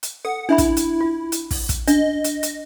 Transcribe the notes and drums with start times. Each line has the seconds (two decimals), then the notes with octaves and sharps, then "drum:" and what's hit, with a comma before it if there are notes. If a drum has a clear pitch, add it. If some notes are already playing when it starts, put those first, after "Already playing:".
0.03 drum: hi-hat
0.25 A4 F#5
0.49 D4 E4 E5 B5
0.58 drum: kick, hi-hat
0.77 drum: hi-hat
1.01 F4
1.32 drum: hi-hat
1.51 drum: kick, open hi-hat
1.69 drum: kick, hi-hat
1.88 D4 D#5, drum: hi-hat
2.24 drum: hi-hat
2.43 drum: hi-hat